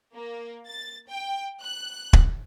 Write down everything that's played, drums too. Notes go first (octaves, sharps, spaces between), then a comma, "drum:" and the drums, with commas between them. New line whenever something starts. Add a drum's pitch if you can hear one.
A#3
A6
G5
F#6
drum: kick